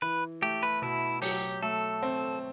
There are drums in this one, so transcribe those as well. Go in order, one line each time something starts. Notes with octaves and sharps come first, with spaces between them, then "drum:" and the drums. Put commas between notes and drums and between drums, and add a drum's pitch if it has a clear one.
E3 B4
A3 G4
B4
B2 E4
F#3 G4, drum: open hi-hat
A3 A4
C4